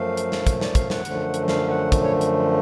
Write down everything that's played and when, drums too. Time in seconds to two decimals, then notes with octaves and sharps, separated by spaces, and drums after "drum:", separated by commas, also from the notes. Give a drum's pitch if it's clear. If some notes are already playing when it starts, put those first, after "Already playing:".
Already playing: F#2 F3 A3 F5
0.17 drum: hi-hat
0.32 drum: snare
0.47 drum: kick, hi-hat
0.61 D5, drum: snare
0.75 F5, drum: kick, hi-hat
0.90 F#5, drum: snare
1.05 F#2 D3 F3 A3, drum: hi-hat
1.34 drum: hi-hat
1.48 F5, drum: snare
1.70 F#5
1.92 drum: kick, hi-hat
2.03 C#5
2.21 drum: hi-hat